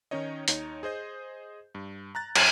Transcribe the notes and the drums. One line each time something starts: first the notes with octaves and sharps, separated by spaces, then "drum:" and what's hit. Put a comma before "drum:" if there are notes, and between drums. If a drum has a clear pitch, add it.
D#3 C#4 D#4 C#5 D#5
D#2 D#4 C#5, drum: hi-hat
G#4 C5 D#5 G6
G2
A#5 F#6 A6
F#2 C#5 C6, drum: cymbal